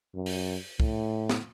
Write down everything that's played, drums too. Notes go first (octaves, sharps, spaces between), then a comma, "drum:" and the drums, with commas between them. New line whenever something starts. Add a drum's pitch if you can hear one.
F#2
drum: open hi-hat
A2, drum: kick
drum: snare